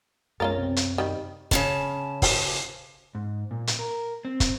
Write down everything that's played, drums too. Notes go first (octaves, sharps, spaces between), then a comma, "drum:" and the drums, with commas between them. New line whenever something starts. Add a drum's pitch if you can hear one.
F#2 G#3 B3 C#4 F4 A#4 A#5 A6
C3 C4
drum: hi-hat
D#3 G3
C#3 C#4 A5, drum: kick, hi-hat
drum: kick, open hi-hat
G#2
A#2
drum: hi-hat
A#4
C4
drum: kick, hi-hat